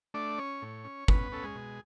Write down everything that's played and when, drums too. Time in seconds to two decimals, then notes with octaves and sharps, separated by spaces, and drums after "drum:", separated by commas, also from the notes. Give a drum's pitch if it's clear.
0.14 A3 D4 D5
0.38 C#4 C#5
0.62 A2
0.84 C#4
1.08 B3 C#4 B4, drum: kick
1.32 C#4 A4
1.43 G#3 G#4
1.55 B2